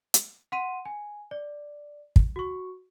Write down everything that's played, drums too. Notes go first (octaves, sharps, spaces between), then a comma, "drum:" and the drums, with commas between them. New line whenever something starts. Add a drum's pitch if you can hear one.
drum: hi-hat
F#5 C6 D#7
G#5
D5
drum: kick
F#4 C#6